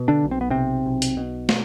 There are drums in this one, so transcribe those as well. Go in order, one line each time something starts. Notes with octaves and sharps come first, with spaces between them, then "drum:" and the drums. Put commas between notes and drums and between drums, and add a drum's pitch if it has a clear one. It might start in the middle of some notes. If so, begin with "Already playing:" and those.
Already playing: B2
D3 D4
B1
C4
B3
B1 C3 C4
B1
drum: hi-hat
B2
drum: snare